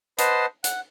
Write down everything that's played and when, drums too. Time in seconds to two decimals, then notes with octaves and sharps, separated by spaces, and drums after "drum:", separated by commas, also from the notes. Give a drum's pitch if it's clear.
0.18 B4 C5 D#5 F#5 A5 C6, drum: hi-hat
0.64 F#5, drum: hi-hat